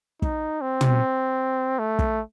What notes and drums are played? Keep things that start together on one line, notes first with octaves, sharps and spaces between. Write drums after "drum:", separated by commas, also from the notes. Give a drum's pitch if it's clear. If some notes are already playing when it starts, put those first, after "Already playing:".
D#4, drum: kick
C4
drum: tom
A3
drum: kick